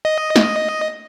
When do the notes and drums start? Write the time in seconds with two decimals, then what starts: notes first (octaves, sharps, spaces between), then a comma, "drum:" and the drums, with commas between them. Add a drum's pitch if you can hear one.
0.05 D#5
0.36 drum: snare